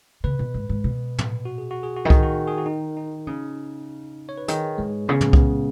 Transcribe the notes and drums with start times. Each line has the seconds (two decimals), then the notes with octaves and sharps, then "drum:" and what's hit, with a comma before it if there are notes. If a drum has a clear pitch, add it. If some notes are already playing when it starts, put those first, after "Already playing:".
0.24 C#3 B4
0.39 B2
0.54 G#2
0.69 G#2
0.84 B2
1.18 drum: tom
1.45 F#4
1.58 G#4
1.71 F#4
1.83 G#4
1.96 F#4
2.05 D#3
2.10 G#4, drum: kick C2
2.23 F#4
2.47 G#4
2.58 F#4
2.66 D#4
2.97 D#4
3.27 C#3
4.29 C#5
4.38 B4
4.48 D#3 G#4, drum: hi-hat
4.78 G#2 G#3
5.08 C#3 B3
5.21 G#3, drum: tom
5.33 B3, drum: kick C2